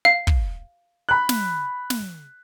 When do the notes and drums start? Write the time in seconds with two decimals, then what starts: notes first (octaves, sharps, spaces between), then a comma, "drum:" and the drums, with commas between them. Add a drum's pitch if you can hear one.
0.05 F5
0.27 drum: kick
1.09 B5 F#6
1.29 drum: snare
1.90 drum: snare